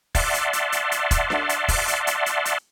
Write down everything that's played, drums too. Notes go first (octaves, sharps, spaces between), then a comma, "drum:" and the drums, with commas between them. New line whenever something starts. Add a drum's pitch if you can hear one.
D5 E5 F#5 A5 C6, drum: kick E1, open hi-hat
drum: hi-hat
drum: hi-hat
drum: hi-hat
drum: hi-hat
drum: kick E1, hi-hat
drum: snare D4
drum: hi-hat
drum: kick E1, open hi-hat
drum: hi-hat
drum: hi-hat
drum: hi-hat
drum: hi-hat